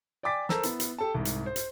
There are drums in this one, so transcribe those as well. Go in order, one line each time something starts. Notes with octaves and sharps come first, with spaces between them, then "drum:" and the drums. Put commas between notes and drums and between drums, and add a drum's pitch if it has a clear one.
D5 G5 G#5 D6 A6 B6
A4 A#4 C5 A5 A#5 E6, drum: snare
B3 E4, drum: hi-hat
drum: hi-hat
G4 A4 A5
C2 G#2
drum: hi-hat
C5
drum: hi-hat